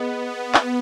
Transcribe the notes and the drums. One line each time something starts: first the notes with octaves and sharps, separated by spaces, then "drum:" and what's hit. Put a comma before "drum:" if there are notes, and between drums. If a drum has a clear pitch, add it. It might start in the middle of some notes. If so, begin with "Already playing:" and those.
Already playing: B3 G#4 D#5
B3
drum: clap